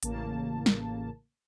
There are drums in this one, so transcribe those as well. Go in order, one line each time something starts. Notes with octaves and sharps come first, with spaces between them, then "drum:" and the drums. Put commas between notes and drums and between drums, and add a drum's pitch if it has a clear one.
A1 C#3 A#3 A5, drum: hi-hat
drum: snare